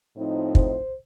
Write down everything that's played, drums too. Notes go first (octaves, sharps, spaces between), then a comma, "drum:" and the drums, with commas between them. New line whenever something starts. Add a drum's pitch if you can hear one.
A2 F3 C4 D#4
C5, drum: kick